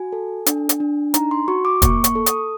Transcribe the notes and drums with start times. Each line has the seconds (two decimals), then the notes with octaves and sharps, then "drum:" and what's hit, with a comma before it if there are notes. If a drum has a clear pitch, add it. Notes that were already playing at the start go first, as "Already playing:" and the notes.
Already playing: F#4 G#5
0.12 A4
0.46 D4, drum: hi-hat
0.69 drum: hi-hat
0.80 D4
1.14 D#4 A#5, drum: hi-hat
1.31 C6
1.48 F#4 C#6
1.65 D6
1.82 A#3 C#6, drum: kick, hi-hat
2.04 C#6, drum: hi-hat
2.15 A4
2.26 D#6, drum: hi-hat